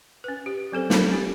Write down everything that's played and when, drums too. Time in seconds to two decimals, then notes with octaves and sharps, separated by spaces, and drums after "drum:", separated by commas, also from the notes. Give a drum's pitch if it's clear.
0.24 C#4 B4
0.46 G4
0.72 F#3 C4 A4 C5
0.90 A#4 B5, drum: snare
1.12 C#4 G4